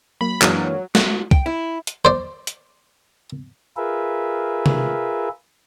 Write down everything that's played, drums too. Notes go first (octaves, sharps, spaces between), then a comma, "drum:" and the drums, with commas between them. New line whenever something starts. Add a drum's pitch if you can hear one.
F#3 A#3 B5
F#2 E3 F#3 G#3 A#3 D4, drum: clap
F#4, drum: snare
G5, drum: kick
E4
drum: hi-hat
C5 D5
drum: hi-hat
F4 G#4 A#4 B4 E5
drum: tom C3